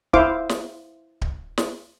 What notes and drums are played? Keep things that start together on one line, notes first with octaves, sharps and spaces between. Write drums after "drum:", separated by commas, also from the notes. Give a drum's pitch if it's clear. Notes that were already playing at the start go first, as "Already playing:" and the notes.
E4 C5 F5 D6, drum: kick D1
drum: snare
drum: kick D1
drum: snare